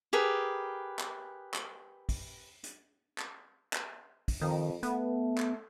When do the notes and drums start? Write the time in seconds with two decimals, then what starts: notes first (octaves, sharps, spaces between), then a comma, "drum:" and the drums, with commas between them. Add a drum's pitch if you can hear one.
0.13 G4 G#4 A#4 B4
0.99 drum: clap
1.54 drum: clap
2.09 drum: kick, open hi-hat
2.64 drum: hi-hat
3.18 drum: clap
3.73 drum: clap
4.28 drum: kick, open hi-hat
4.41 F2 D#3
4.83 A3 B3, drum: hi-hat
5.38 drum: clap